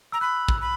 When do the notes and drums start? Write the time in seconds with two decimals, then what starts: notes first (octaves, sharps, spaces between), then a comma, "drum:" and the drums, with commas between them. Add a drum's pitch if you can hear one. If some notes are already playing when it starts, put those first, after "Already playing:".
0.12 A#5 E6
0.21 B5 F#6
0.48 drum: kick
0.61 B5